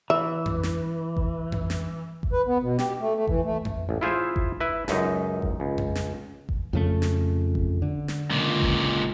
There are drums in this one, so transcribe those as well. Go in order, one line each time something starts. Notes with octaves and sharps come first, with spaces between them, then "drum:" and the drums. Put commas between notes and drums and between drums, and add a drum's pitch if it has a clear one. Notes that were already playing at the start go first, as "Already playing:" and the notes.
E3 E5
drum: tom F2
drum: snare
drum: kick G1
drum: tom F2
drum: snare
drum: kick G1
B4
B3
B2
G4, drum: snare
A3
A3
E3, drum: kick G1
A3
drum: tom F2
A1
E4 F4 G#4 C5 E5
drum: kick G1
E4 B4 E5
C#2 F#2 D#4, drum: snare
drum: kick G1
C#2
drum: tom F2
drum: snare
drum: kick G1
F2 C#3 A3
drum: snare
drum: kick G1
D3
drum: snare
C#2 A#2
drum: kick G1